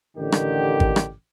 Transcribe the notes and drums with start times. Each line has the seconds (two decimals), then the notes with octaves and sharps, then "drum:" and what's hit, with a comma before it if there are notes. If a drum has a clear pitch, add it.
0.16 A1 D3 D#3 G4
0.32 drum: rim click
0.80 drum: kick G#1
0.96 drum: rim click